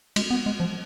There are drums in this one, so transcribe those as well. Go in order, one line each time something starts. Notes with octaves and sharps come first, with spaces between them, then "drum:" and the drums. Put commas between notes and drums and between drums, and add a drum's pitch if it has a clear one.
G#3, drum: cymbal
B3
G#3
F3